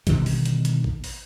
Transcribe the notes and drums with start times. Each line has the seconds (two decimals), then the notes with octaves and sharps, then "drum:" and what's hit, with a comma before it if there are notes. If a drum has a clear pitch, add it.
0.07 B2 D3 D#3 G3, drum: kick A1, hi-hat
0.26 drum: open hi-hat
0.46 drum: hi-hat
0.65 drum: hi-hat
0.84 drum: kick A1
1.04 drum: open hi-hat